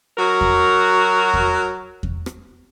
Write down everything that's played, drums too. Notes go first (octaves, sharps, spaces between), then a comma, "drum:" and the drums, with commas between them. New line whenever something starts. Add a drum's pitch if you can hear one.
F#3 F#4 A#4
drum: kick E2
drum: kick E2
drum: kick E2
drum: rim click